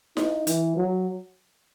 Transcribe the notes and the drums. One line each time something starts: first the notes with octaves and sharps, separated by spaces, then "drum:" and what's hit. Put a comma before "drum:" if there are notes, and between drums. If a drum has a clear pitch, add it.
D#4, drum: snare E4
E3, drum: hi-hat
F#3